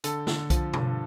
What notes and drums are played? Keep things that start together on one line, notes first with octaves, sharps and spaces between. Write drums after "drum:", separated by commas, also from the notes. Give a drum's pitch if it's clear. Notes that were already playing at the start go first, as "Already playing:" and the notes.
D3 A4, drum: hi-hat
D3, drum: snare
F3, drum: kick B1, hi-hat
G2, drum: tom B2